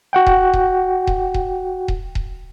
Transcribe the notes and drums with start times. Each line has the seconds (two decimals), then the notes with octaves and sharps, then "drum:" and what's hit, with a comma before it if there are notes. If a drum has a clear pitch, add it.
0.13 F#4 F#5 G5
0.26 drum: kick D#1
0.53 drum: kick D#1
1.07 drum: kick D#1
1.34 drum: kick D#1
1.88 drum: kick D#1
2.15 drum: kick D#1